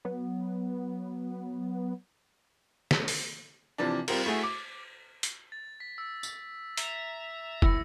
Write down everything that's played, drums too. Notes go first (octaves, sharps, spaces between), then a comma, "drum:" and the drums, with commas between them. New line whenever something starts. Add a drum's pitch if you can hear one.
F#3 B3
drum: snare
drum: open hi-hat
C3 E3 F3 D4
G3 C4 F4 A#4, drum: cymbal
A3 E4 F#4 G#4
D6
drum: hi-hat
A6
B6
E6
drum: tambourine
E5 A#5, drum: hi-hat
E4 E6 A#6 C#7, drum: kick